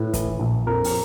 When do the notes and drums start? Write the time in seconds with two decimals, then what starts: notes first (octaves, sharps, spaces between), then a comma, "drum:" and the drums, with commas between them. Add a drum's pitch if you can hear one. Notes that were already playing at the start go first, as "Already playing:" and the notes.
Already playing: A2 B4
0.14 E3, drum: kick, hi-hat
0.39 A#1
0.67 F2 A#4
0.84 drum: open hi-hat